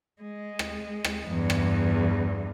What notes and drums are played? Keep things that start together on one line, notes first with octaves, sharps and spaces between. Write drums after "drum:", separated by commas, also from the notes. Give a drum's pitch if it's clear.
G#3
drum: rim click
drum: rim click
E2 G2
drum: rim click